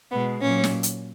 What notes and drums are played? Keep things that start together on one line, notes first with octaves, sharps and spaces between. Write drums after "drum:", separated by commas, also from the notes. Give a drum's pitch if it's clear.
B2 G#3 B3
A#2 F#3 C#4
drum: snare
drum: hi-hat